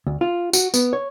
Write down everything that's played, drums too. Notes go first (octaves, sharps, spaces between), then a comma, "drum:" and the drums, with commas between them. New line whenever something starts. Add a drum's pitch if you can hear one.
D2
F4
F#4, drum: tambourine
B3, drum: tambourine
C#5